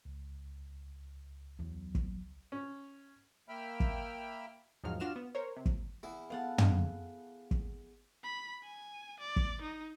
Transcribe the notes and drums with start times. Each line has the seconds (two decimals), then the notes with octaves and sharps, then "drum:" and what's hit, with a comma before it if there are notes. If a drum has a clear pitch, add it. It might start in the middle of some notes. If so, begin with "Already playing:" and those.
0.05 C#2
1.59 E2 F#3
1.95 drum: kick
2.52 C#4
3.49 A#3 E5 G5 B5 F6
3.80 drum: kick
4.84 E2 G#2 D#3 F3 F#3 F6
5.00 D4 F4 F#4 F6 E7
5.16 B3
5.35 A#4 C5 C#5
5.56 C3
5.66 drum: kick
6.03 E2 E4
6.30 B3 A4 B4 F5 F#5 A5
6.58 drum: tom
7.51 drum: kick
8.23 B5
8.63 G#5
9.20 D5
9.36 drum: kick
9.62 D#4